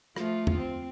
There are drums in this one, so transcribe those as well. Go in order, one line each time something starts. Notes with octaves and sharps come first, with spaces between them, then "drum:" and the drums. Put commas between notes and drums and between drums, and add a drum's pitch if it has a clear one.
F3 A3 F4, drum: rim click
drum: tom
C4